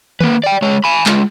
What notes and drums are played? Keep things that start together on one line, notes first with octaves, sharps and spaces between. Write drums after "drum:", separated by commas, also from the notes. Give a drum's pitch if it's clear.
A#3 B4, drum: tom D#3
D5 G5
G#3 C#5
G#5 B5
G#3 F4, drum: clap